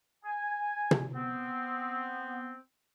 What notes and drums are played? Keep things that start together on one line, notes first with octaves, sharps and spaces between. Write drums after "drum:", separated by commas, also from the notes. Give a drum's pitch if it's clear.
G#5
drum: tom
B3 C4